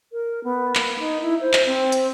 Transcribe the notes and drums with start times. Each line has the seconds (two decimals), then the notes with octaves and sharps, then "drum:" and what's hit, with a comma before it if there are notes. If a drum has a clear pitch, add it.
0.12 A#4
0.44 B3
0.75 A#3, drum: clap
0.99 D#4
1.21 E4
1.41 C5
1.53 drum: clap
1.66 C4
1.92 drum: hi-hat